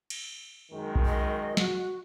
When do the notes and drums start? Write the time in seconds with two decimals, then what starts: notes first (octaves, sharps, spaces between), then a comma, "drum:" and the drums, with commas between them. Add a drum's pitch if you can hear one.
0.10 drum: cymbal
0.72 F#2 D#3 G#3
0.96 drum: kick
1.06 D#5
1.57 F#4, drum: snare